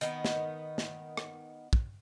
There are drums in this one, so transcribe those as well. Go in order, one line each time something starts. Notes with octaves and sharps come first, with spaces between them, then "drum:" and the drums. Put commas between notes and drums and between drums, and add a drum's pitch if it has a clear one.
D#3 B3, drum: hi-hat
drum: snare
drum: snare
drum: rim click
drum: kick